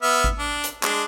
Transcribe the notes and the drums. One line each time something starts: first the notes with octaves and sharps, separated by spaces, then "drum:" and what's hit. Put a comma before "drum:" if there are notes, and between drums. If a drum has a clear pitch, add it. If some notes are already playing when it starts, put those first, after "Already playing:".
B3 E5 F6
drum: kick
D4
drum: hi-hat
G#3 D4, drum: clap